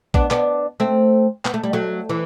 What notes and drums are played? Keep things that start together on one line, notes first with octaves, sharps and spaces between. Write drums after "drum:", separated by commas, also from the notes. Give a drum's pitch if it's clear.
B3 D4, drum: kick
B3 D4, drum: clap
A3 C4
B3, drum: clap
A3
G3
F#3 A3
E3